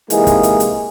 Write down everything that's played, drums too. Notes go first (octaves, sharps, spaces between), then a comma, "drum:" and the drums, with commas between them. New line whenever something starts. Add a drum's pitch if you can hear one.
C3 E3 G#3 A#3 D#4 G#4, drum: hi-hat
drum: kick, hi-hat
drum: hi-hat
drum: hi-hat